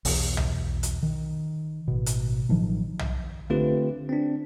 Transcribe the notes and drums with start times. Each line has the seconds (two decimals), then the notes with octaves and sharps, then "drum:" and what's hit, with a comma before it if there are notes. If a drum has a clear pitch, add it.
0.05 B1 E2, drum: open hi-hat
0.37 drum: tom B1
0.83 drum: hi-hat
1.03 D#3
1.88 A1 B2
2.06 drum: hi-hat
2.49 A1 D#3 F3 F#3
2.99 drum: tom B1
3.50 D3 A3 C4 F4 G4 B4
4.09 C4 D4